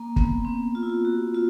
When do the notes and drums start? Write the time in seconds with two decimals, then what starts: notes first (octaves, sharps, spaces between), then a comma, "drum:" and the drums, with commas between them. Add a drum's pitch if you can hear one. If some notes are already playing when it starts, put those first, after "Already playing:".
Already playing: A#3
0.16 B3, drum: kick
0.45 C4
0.75 F4
0.83 E4
0.89 F4
1.05 F#4
1.34 F4